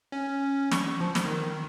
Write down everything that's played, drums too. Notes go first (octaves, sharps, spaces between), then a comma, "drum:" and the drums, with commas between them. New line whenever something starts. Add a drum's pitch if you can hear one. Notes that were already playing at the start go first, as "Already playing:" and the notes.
C#4
C#6, drum: snare
F3
drum: snare
D#3